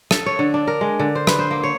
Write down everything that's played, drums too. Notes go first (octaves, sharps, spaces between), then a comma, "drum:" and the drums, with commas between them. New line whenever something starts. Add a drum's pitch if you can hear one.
A4, drum: rim click
C#5
D3
D4
A#4
G#3
D3
C5
B4, drum: rim click
C5
A#3
C#5